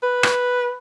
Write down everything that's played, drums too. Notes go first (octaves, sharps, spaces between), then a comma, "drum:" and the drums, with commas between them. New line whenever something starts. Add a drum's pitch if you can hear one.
B4
drum: rim click